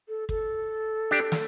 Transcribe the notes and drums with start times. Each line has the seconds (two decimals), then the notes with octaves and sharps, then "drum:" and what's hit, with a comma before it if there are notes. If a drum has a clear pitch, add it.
0.09 A4
0.29 A4, drum: kick
1.11 D4 G4
1.32 drum: snare